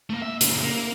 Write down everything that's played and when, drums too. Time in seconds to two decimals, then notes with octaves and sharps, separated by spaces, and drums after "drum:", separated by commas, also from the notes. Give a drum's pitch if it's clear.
0.10 A3 A#3
0.22 E5
0.41 A#2 C#3, drum: hi-hat
0.63 A#3